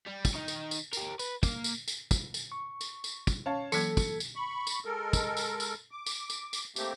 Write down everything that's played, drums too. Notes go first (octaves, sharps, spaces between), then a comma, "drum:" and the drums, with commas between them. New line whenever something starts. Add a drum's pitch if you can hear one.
G3
drum: kick, tambourine
D#3 D#4
drum: tambourine
drum: tambourine
G4 A#4, drum: tambourine
B4, drum: tambourine
A#3, drum: kick, tambourine
drum: tambourine
drum: tambourine
drum: kick, tambourine
drum: tambourine
C#6
drum: tambourine
drum: tambourine
drum: kick, tambourine
C#4 C#5 F5 A5
E3 F#3 A#3 A4 G#6 B6 C#7, drum: tambourine
drum: kick, tambourine
drum: tambourine
B5 C#6
drum: tambourine
G#3 A4 A#4
drum: kick, tambourine
drum: tambourine
drum: tambourine
D6
drum: tambourine
drum: tambourine
drum: tambourine
A3 A#3 C4 G4, drum: tambourine